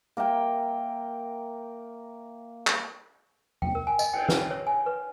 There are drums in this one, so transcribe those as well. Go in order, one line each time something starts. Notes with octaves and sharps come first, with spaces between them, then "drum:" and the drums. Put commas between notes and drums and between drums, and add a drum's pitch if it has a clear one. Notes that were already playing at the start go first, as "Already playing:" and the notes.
A#3 A#4 E5 G5
drum: clap
G5, drum: tom E2
A#4
G#5
D#5, drum: tambourine
G5, drum: cymbal
B4, drum: snare
C#5
G#5
B4